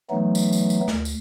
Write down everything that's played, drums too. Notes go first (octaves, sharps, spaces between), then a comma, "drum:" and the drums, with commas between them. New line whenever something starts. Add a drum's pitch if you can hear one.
E3 F#3 A3 B3 D#4
drum: tambourine
drum: tambourine
drum: tambourine
D2, drum: snare
drum: tambourine